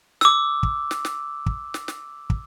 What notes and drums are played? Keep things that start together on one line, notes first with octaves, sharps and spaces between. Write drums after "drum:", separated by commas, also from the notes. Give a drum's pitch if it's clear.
D6 E6, drum: snare
drum: kick
drum: snare
drum: snare
drum: kick
drum: snare
drum: snare
drum: kick